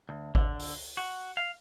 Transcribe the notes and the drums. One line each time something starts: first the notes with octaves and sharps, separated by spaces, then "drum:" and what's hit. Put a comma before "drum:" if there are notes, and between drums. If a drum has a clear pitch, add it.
D2
D3, drum: kick G#1
drum: open hi-hat
F#4
F5